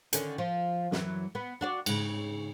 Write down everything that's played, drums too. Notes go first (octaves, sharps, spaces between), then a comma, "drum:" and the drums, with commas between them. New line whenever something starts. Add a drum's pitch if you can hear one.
D3 D#3 C#4, drum: hi-hat
F3
F#2 E3 F#3, drum: snare
B3
D4 F#4 D5
G#2 C#3, drum: cymbal